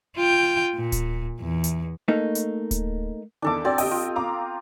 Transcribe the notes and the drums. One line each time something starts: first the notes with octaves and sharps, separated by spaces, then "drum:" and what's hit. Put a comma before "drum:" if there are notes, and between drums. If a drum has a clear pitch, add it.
F4 G5
A#2
drum: kick D1, hi-hat
E2
drum: hi-hat
A3 A#3 D#4
drum: hi-hat
drum: kick D1, hi-hat
E2 D#3 D4 A4 D6
C4 F#4 D5
G4 D#5 G5 D#6, drum: open hi-hat
F4
F5 A#5 D6